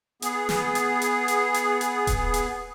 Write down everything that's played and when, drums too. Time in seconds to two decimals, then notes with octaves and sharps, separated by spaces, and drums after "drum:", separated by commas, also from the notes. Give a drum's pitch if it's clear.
0.22 B3 G#4, drum: hi-hat
0.49 drum: snare
0.75 drum: hi-hat
1.02 drum: hi-hat
1.28 drum: hi-hat
1.54 drum: hi-hat
1.81 drum: hi-hat
2.07 drum: kick D#1, hi-hat
2.34 drum: hi-hat